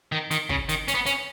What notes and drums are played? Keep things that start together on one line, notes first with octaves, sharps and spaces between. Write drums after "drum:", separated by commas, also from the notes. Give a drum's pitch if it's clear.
D#3
D#3, drum: hi-hat
C#3, drum: kick
D#3, drum: hi-hat
C#4, drum: hi-hat
B3
C#4, drum: hi-hat